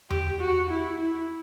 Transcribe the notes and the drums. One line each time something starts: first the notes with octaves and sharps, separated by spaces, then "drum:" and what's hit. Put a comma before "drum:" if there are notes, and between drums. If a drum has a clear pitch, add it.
G4, drum: tom E2
F#4
E4
E4